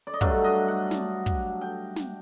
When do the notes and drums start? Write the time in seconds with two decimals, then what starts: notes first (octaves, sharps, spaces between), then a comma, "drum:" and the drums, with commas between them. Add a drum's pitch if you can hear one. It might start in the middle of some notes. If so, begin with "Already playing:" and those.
0.07 D5
0.14 D#5
0.21 G2 F#3 A3 D4 F#5, drum: kick
0.44 D#5
0.68 F#5
0.91 drum: snare
1.26 drum: kick
1.61 G5
1.96 drum: snare